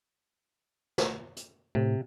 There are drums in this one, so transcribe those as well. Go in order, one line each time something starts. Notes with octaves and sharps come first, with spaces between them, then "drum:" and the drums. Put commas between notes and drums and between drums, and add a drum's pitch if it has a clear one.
drum: snare
drum: hi-hat
A2 C3